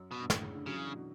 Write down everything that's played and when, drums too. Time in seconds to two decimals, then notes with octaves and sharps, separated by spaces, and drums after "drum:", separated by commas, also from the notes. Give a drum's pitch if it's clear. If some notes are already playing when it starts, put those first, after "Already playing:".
Already playing: F#2
0.11 B2
0.19 G2
0.30 A2, drum: snare
0.42 C#3
0.54 D3
0.66 C#3 F#3
0.76 E3
0.84 D3
0.94 B2